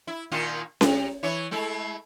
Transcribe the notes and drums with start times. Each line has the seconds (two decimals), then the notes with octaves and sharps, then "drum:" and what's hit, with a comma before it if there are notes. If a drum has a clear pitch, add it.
0.07 E4
0.32 A#2 D#3 F4
0.81 C3, drum: snare C#4
1.23 E3 E4 C#5
1.51 G#3 A3 E4